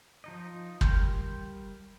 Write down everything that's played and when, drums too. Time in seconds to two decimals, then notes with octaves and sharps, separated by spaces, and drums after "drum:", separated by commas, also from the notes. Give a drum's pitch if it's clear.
0.24 F3 D#4 D#5
0.81 G3 A#4 G5 C6 G6, drum: kick